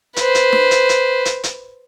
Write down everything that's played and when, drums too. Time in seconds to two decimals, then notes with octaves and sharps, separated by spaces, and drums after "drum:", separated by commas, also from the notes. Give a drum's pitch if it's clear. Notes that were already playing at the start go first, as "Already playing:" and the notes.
0.16 B4 C5, drum: hi-hat
0.35 drum: hi-hat
0.53 drum: snare
0.71 drum: hi-hat
0.89 drum: hi-hat
1.25 drum: hi-hat
1.43 drum: hi-hat